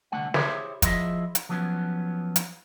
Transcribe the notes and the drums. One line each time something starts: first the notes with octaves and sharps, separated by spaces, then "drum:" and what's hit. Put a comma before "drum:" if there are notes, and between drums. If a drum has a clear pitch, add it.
C2 D3 A3 F#5
E4 G4 G#4 C5 C#5 E5, drum: snare
F3 E4 F4 G#4 D#5 E5, drum: kick, hi-hat
drum: hi-hat
F3 F#3 B3 C#4
drum: hi-hat